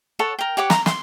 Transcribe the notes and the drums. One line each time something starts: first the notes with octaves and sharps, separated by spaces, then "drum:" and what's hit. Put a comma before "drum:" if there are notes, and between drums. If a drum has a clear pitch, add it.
A4 C#5 F#5 A5
A#4 G5
G4 C#5 F#5 D6
A#5, drum: snare
C6, drum: snare